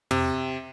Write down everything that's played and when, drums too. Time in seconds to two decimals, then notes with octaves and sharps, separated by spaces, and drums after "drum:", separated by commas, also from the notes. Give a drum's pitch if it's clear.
0.11 C3, drum: tom